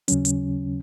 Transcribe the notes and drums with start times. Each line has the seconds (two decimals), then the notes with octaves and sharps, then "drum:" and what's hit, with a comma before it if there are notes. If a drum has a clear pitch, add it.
0.08 D#2 C#3 F#3 C#4, drum: hi-hat
0.25 drum: hi-hat